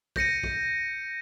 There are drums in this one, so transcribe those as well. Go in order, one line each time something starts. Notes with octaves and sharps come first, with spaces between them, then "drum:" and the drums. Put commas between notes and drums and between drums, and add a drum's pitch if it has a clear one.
G6 A#6 C#7 D#7, drum: kick
drum: kick